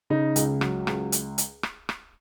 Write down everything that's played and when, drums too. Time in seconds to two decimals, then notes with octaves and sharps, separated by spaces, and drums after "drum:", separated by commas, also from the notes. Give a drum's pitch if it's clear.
0.10 C#3 D#4
0.36 C#2, drum: hi-hat
0.61 F#3, drum: rim click
0.87 C#2, drum: rim click
1.12 drum: hi-hat
1.38 drum: hi-hat
1.63 drum: rim click
1.89 drum: rim click